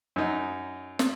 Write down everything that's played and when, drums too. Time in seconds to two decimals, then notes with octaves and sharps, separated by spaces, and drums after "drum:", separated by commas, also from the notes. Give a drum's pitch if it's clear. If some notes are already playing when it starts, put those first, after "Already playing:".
0.16 F#2 D#4
0.99 drum: snare